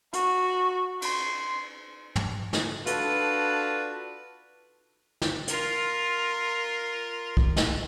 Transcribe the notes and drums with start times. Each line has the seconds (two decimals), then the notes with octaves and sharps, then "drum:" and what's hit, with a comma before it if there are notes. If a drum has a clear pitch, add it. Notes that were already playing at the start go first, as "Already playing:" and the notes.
0.13 F#4, drum: hi-hat
1.02 C6, drum: cymbal
2.16 drum: tom
2.53 drum: snare
2.87 D4 F4 F#4 A4 B4, drum: hi-hat
5.22 drum: snare
5.48 F4 A#4, drum: hi-hat
7.37 drum: kick C2
7.56 drum: snare